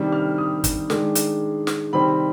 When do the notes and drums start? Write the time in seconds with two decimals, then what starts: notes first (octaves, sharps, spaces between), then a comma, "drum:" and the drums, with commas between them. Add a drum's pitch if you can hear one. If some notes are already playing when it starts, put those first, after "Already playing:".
Already playing: C3 D#3 G3 D4
0.12 F6
0.38 D#6
0.64 drum: kick, hi-hat
0.90 D#3 G#3 D4, drum: snare
1.15 drum: hi-hat
1.67 drum: snare
1.93 C3 D#3 G3 C4 B5